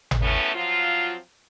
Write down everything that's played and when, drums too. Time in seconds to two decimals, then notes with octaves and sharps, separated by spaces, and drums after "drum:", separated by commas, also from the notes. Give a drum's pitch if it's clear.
0.11 drum: tom G#1
0.22 F#2 A2 E3 A3 B3 C#4
0.55 F3 F#3 C4 F4